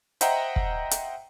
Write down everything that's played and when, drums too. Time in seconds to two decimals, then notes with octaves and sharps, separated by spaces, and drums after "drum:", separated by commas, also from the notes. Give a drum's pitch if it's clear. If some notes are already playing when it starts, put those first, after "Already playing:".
0.21 C5 D#5 E5 F#5 G5 A#5, drum: hi-hat
0.56 drum: kick
0.91 drum: hi-hat